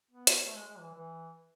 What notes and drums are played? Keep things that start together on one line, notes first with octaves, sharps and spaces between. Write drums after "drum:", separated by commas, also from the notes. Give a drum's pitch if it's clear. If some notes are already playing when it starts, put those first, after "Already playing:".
B3
drum: hi-hat
A3
G#3
G#3
E3
E3